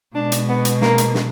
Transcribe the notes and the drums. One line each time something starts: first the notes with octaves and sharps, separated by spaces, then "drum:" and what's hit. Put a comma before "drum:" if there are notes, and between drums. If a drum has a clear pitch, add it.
B2 G#3 D4
drum: hi-hat
B3
drum: hi-hat
A#3, drum: snare
drum: hi-hat
drum: snare